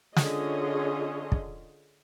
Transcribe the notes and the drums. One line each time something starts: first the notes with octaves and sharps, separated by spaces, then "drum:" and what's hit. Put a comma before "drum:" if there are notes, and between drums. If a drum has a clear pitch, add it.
D3 C#4 F4 G#4 C#5 D#5, drum: snare
drum: kick